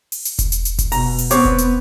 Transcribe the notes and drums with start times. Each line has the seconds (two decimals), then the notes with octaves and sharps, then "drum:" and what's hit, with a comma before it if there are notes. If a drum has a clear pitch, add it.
0.12 drum: open hi-hat
0.25 drum: hi-hat
0.39 drum: kick E1, hi-hat
0.52 drum: hi-hat
0.65 drum: hi-hat
0.79 drum: kick E1, hi-hat
0.92 B2 A#5, drum: open hi-hat
1.18 drum: open hi-hat
1.31 B3 C4 C#5 D6, drum: hi-hat
1.45 drum: kick E1
1.58 drum: hi-hat